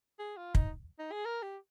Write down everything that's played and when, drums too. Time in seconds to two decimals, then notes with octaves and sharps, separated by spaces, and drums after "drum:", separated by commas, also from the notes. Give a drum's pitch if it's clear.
0.19 G#4
0.37 F4
0.55 D#4, drum: kick
0.99 D#4
1.12 G#4
1.26 A#4
1.43 G4